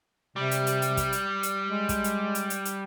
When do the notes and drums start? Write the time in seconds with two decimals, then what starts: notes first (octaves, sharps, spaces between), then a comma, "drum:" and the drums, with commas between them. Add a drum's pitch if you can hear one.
0.36 C3 G3
0.51 drum: hi-hat
0.67 drum: hi-hat
0.82 drum: hi-hat
0.97 drum: kick, hi-hat
1.13 drum: hi-hat
1.43 drum: hi-hat
1.67 G#3
1.89 drum: kick, hi-hat
2.04 drum: hi-hat
2.35 drum: hi-hat
2.50 drum: hi-hat
2.65 drum: hi-hat